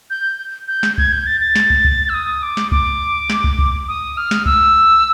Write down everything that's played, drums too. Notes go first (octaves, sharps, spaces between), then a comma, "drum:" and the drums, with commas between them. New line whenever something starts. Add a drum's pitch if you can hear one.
G6
G6
drum: snare
G6
G#6, drum: kick
G6
A6
A6
drum: snare
drum: kick
drum: kick
E6
D#6
D6
drum: snare
D6, drum: kick
drum: snare
drum: kick
drum: kick
D#6
F6
drum: snare
E6, drum: kick